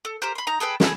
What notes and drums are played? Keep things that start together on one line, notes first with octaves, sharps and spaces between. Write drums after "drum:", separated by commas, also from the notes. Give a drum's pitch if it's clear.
A4
G4 A#4 C5
B5 C6
D#4 A#5
G#4 A4 B4 G5
E4 G#4 A4, drum: snare